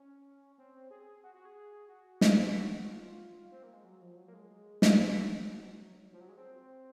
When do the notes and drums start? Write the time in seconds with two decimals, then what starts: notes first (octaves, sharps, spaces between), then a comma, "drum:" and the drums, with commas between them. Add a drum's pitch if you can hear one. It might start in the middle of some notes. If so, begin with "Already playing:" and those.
Already playing: C#4
0.58 C4
0.91 G#4
1.23 F#4
1.34 F#4
1.45 G#4
1.88 F#4
2.21 drum: snare
2.54 F#4
2.86 F4
3.52 C4
3.63 A#3
3.73 G#3
3.84 F#3
4.01 F3
4.16 F#3
4.28 A#3
4.34 G#3
4.82 F#3, drum: snare
6.12 F3
6.20 F#3
6.29 G#3
6.37 C4